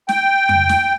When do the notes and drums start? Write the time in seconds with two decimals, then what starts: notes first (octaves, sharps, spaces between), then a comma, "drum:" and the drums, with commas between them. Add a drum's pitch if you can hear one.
0.09 G5, drum: snare
0.49 drum: tom F2
0.69 drum: snare